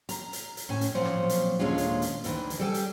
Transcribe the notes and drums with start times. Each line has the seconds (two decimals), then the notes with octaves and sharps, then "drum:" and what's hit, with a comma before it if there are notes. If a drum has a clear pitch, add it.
0.09 A#5, drum: hi-hat
0.33 drum: hi-hat
0.57 drum: hi-hat
0.69 A2 C#4 G#5
0.81 drum: hi-hat
0.95 A#2 F3 F#3 C4 C#4
1.05 drum: rim click
1.29 drum: hi-hat
1.59 D#2 A#2 D3 G#3 C#4 F4
1.78 drum: hi-hat
2.02 drum: hi-hat
2.24 D2 D#3 E3, drum: hi-hat
2.50 drum: hi-hat
2.59 G3 A4 G5 G#5
2.74 drum: hi-hat